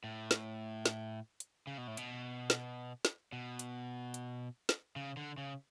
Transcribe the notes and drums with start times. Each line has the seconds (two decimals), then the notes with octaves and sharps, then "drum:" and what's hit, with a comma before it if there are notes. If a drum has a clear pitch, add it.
0.04 A2
0.31 drum: snare
0.86 drum: snare
1.40 drum: hi-hat
1.67 C#3
1.78 B2
1.87 A2
1.97 B2, drum: hi-hat
2.50 drum: snare
3.05 drum: snare
3.33 B2
3.59 drum: hi-hat
4.14 drum: hi-hat
4.69 drum: snare
4.96 C#3
5.17 D3
5.38 C#3